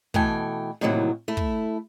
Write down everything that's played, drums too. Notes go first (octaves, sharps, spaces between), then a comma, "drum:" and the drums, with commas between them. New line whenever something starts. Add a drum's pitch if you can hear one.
B2 E3 A3 G5 G#5, drum: kick
A2 C3 D#3 E3 F#3 A#3
A3 E4
drum: kick